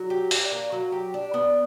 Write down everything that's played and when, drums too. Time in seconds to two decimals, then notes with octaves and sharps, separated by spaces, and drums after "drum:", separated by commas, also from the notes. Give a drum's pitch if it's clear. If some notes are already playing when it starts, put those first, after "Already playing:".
Already playing: F#3
0.10 G4
0.31 D4, drum: open hi-hat
0.52 A#3
0.72 F#3
0.92 G4
1.14 D4
1.34 B3